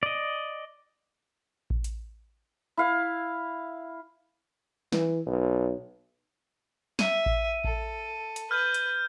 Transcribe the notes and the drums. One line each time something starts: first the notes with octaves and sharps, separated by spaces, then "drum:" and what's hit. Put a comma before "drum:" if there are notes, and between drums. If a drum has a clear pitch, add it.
D5 D#5
drum: kick A1
drum: hi-hat
E4 F5
E3, drum: snare
B1
E5 D#7, drum: snare
drum: kick A1
A4, drum: kick A1
drum: hi-hat
B4 F6 G6
drum: hi-hat